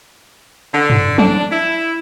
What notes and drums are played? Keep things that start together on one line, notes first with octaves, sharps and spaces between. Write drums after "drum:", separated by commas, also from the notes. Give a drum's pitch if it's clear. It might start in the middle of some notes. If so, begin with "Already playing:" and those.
D3
drum: tom
D4, drum: tom
E4